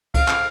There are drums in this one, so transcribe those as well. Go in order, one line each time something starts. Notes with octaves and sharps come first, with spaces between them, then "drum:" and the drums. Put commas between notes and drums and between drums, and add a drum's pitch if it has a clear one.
F5, drum: kick C#2, cymbal
drum: clap